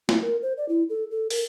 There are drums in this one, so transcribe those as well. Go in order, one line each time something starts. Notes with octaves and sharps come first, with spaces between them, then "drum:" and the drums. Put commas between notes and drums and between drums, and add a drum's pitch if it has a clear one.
E4, drum: snare
A#4
C5
D5
E4
A4
A4
A#4, drum: open hi-hat